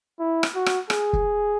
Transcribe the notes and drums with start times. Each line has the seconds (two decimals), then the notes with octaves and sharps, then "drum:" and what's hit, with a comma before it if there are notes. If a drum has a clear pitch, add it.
0.19 E4
0.43 drum: rim click
0.55 F#4
0.66 drum: rim click
0.90 G#4, drum: rim click
1.13 drum: kick